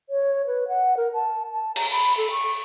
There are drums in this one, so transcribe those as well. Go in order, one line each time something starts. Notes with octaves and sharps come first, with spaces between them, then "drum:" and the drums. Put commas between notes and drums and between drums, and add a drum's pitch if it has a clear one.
C#5
B4
F#5
A#4
A5
A5
A#5, drum: cymbal
B5
A4
C#6